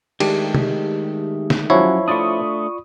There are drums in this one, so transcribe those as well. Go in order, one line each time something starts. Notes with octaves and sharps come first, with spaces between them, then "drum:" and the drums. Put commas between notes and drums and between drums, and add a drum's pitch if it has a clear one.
D#3 G#3 A3 D4 G4, drum: cymbal
drum: tom C3
drum: snare
F3 F#3 C#4 E4 C#5 F#5
A3 D4 F4 D5 B5 C#6 D#6